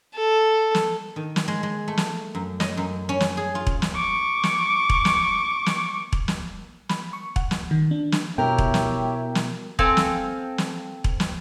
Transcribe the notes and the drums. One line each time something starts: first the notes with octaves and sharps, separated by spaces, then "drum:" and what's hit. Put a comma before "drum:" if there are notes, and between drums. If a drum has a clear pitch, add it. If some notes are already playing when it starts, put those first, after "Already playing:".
A4
drum: snare
D#3
drum: snare
G#3
G#3
A3
drum: snare
F#2
D#5, drum: snare
F#2
C#4
drum: snare
G#4
F4
drum: kick E1
drum: snare
C#6 D6
drum: snare
drum: kick E1
drum: snare
drum: snare
drum: kick E1
drum: snare
B5, drum: snare
C#6
F#5, drum: kick E1
drum: snare
D#3
D4
drum: snare
B2 E4 G4 A#4 C#5 E5 G5
drum: kick E1
drum: snare
drum: snare
C4 A4 F5 G#5, drum: kick E1
drum: snare
drum: snare
drum: kick E1
drum: snare